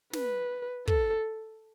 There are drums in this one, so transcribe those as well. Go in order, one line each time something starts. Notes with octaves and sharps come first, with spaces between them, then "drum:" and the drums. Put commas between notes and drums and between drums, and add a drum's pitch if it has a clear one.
B4, drum: snare
A4, drum: kick